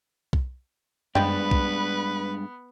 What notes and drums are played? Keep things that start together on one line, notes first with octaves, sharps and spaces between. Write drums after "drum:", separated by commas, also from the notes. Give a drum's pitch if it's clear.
drum: kick B1
G2 G#3 B3 D4 B4 C5 D#5 G5, drum: tom F#2
drum: kick B1